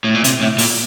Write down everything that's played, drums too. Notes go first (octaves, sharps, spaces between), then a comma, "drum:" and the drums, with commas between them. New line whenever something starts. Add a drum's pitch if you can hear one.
A2
A#2
C3, drum: hi-hat
A2
A#2, drum: open hi-hat